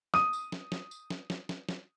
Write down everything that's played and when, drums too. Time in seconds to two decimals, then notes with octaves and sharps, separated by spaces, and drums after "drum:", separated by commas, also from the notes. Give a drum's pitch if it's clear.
0.14 D#6 D#7, drum: snare
0.33 drum: tambourine
0.52 drum: snare
0.72 drum: snare
0.91 drum: tambourine
1.10 drum: snare
1.30 drum: snare
1.49 drum: snare
1.69 drum: snare